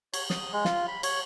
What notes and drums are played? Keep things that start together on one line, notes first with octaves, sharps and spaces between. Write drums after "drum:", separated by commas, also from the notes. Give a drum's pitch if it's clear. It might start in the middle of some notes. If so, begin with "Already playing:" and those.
C#5, drum: cymbal
D#6, drum: snare
G#3
F4, drum: snare
B5
C#5, drum: cymbal